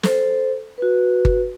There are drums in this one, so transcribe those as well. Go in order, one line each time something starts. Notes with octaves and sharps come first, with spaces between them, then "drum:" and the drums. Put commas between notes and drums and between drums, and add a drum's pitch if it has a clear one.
A4 C5, drum: snare
F#4 B4
drum: kick G1